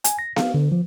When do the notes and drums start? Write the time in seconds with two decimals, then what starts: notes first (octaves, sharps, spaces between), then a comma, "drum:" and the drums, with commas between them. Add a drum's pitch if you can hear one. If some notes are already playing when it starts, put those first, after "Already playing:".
0.04 G#5, drum: hi-hat
0.19 A#6
0.36 F5, drum: snare B3
0.54 D3
0.72 F3